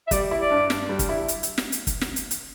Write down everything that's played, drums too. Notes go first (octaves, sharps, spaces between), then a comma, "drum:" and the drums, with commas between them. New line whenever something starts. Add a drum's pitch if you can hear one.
E5
G3 D5, drum: kick, hi-hat
E4
D5
G2
G2, drum: snare
G3
drum: kick, hi-hat
E4
drum: hi-hat
drum: hi-hat
drum: snare
drum: hi-hat
drum: kick, hi-hat
drum: snare
drum: hi-hat
drum: hi-hat